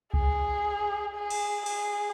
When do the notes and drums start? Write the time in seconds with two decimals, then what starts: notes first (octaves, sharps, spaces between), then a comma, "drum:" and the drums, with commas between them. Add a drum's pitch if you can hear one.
0.14 G#4, drum: kick C2
1.15 G#4
1.30 drum: cymbal
1.66 G#4, drum: cymbal